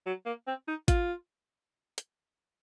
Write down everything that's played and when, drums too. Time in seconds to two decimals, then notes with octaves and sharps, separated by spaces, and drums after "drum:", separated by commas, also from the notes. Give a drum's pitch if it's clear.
0.07 F#3
0.26 A#3
0.47 C4
0.68 D#4
0.88 F4, drum: kick G#1, hi-hat
1.98 drum: hi-hat